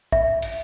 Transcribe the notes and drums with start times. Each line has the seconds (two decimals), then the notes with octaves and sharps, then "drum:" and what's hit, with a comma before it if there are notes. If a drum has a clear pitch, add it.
0.12 E5, drum: kick
0.42 drum: cymbal